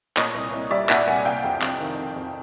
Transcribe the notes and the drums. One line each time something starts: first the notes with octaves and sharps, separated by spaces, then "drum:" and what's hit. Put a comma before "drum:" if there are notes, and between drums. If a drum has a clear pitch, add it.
A#2 C#5 D#5, drum: clap
C2
C2
G3 D5 E5
A#2 E5 F#5, drum: clap
C2 F#5 G#5
C3 F5 G5
F2
F2, drum: clap
D#3
C3
F2